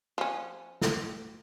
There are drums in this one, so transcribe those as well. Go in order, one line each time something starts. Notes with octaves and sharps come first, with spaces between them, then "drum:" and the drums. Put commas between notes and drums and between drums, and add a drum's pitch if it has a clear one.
F3 C#4
drum: snare